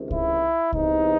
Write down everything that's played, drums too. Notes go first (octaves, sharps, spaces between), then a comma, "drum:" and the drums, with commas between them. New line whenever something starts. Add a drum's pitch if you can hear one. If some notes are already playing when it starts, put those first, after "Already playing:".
Already playing: C#2 C3 D#3
E4, drum: kick C2
E2 C3 E3 D#4, drum: kick C2